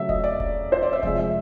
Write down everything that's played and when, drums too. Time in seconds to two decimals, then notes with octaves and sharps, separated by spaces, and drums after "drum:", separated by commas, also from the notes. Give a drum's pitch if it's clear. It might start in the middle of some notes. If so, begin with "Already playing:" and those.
Already playing: C#3 F#3 A3 E5
0.09 D#5, drum: kick E1
0.24 D5
0.40 drum: kick E1
0.72 C5
0.83 D5
0.93 E5
1.03 C3 F3 G#3 E5, drum: kick E1
1.19 E5